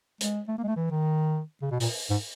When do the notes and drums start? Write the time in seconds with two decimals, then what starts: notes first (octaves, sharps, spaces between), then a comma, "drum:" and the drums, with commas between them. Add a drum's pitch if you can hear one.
0.21 G#3, drum: hi-hat
0.48 A3
0.58 A#3
0.63 G#3
0.68 A3
0.76 E3
0.90 D#3
1.62 C#3
1.71 B2
1.80 A#2, drum: open hi-hat
2.10 G#2